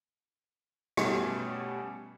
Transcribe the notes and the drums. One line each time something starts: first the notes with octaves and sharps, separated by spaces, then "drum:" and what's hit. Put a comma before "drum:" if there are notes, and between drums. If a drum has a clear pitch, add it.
B2 G3 A3 C#4 G#5 C#7, drum: rim click